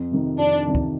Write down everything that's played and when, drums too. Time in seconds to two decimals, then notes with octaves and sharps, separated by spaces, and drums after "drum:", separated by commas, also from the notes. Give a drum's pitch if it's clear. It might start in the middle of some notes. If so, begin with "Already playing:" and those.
Already playing: F2
0.11 C3 D#3
0.39 F2 D4
0.66 C3 D#3
0.75 drum: kick